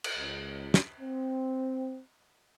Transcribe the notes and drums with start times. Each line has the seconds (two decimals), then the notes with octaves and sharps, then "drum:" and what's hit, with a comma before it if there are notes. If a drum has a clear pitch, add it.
0.04 drum: cymbal
0.16 C#2
0.74 drum: snare
1.00 C4